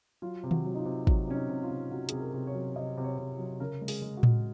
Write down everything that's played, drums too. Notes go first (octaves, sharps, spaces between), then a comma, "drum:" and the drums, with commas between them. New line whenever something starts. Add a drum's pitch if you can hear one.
F#3 F4
C3
F#4, drum: tom D#3
F#3
D#4
F4
C3
F#3, drum: kick
C3 C#4
D#4
C3
F4
C3
C3 F#4
C3 G#4, drum: hi-hat
A#4
C3
C#5
F#3
C3 D#5
C3
C#5
C3
F#3
C#3 A#4
G#3
G#4, drum: open hi-hat
G#3
F#4
G#3, drum: tom A2